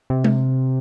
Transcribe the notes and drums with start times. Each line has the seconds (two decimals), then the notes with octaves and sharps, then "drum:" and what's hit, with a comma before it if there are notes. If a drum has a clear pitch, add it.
0.10 C3
0.24 drum: tom G#3